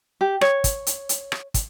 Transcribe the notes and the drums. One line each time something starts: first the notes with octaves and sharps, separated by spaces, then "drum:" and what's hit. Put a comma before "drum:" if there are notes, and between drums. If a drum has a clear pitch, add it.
G4
C#5, drum: rim click
drum: kick, hi-hat
drum: hi-hat
drum: hi-hat
drum: rim click
drum: kick, hi-hat